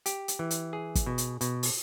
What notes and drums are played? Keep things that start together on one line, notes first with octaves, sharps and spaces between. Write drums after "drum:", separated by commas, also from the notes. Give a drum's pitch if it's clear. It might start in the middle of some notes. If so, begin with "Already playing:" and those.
G4, drum: hi-hat
drum: hi-hat
E3
drum: hi-hat
G#4
drum: kick, hi-hat
B2
drum: hi-hat
B2, drum: hi-hat
drum: open hi-hat